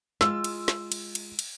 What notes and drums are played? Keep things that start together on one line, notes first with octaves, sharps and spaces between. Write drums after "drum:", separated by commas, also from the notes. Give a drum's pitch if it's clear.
G#3 F4 E6, drum: snare
drum: cymbal
drum: snare
drum: cymbal
drum: cymbal
drum: cymbal